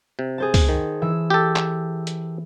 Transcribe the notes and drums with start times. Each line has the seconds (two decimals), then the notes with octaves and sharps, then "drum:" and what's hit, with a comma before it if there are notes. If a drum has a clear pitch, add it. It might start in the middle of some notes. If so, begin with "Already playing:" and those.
0.19 C3
0.38 G#4 C5 A5
0.54 drum: kick, open hi-hat
0.69 D#3
1.02 E3 E5
1.30 G4 A4
1.56 drum: clap
2.07 drum: hi-hat